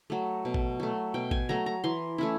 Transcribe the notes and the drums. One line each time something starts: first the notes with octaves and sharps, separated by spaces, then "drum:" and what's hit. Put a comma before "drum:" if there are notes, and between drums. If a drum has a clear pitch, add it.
F#3 A3
B2
drum: kick
F#3 A3
B2 G5
G#5, drum: kick
F#3 A3 A#5
A#5
E3 C6
A3 C#4 E4